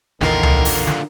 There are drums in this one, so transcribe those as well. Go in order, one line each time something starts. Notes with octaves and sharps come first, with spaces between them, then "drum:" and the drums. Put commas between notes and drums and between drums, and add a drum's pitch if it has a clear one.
A#1 E2 D3 D#3 F4 A#4, drum: snare
drum: tom C#2
drum: open hi-hat
drum: snare